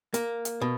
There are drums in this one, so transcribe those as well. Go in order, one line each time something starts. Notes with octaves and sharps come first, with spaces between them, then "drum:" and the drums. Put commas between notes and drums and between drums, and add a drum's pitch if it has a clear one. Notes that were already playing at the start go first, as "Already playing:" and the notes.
A#3, drum: hi-hat
drum: hi-hat
B2